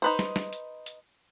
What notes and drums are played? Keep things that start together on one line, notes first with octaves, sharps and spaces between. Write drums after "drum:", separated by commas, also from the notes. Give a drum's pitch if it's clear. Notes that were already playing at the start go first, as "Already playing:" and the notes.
D#4 B4 C5
drum: snare
drum: snare
drum: hi-hat
drum: hi-hat